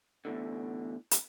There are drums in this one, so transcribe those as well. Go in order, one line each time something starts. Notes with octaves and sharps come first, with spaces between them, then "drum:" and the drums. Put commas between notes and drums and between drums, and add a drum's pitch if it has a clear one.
E2 A2 D3
drum: hi-hat